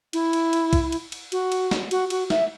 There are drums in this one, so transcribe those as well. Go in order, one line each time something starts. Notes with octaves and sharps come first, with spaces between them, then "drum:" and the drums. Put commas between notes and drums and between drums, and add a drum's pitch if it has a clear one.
E4, drum: cymbal
drum: cymbal
drum: cymbal
drum: kick, cymbal
drum: cymbal
drum: cymbal
F#4, drum: cymbal
drum: cymbal
drum: snare
F#4, drum: cymbal
F#4, drum: cymbal
E5, drum: snare